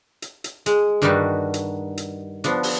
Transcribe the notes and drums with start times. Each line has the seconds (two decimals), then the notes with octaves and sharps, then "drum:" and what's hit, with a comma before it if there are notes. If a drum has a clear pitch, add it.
0.22 drum: hi-hat
0.44 drum: hi-hat
0.66 G#3, drum: hi-hat
1.02 G2 D#3 G3 D4 D#4 F#4
1.54 drum: hi-hat
1.97 drum: hi-hat
2.44 F3 B3 D4, drum: hi-hat
2.63 drum: open hi-hat